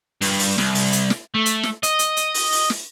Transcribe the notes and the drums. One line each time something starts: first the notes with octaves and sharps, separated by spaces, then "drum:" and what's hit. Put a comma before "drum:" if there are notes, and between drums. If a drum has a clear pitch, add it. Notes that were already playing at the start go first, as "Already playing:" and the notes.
G2, drum: open hi-hat
drum: open hi-hat
C2, drum: snare
drum: open hi-hat
drum: hi-hat
drum: snare
A3
drum: hi-hat
drum: snare
D#5, drum: hi-hat
drum: hi-hat
drum: hi-hat
drum: open hi-hat
drum: open hi-hat
drum: snare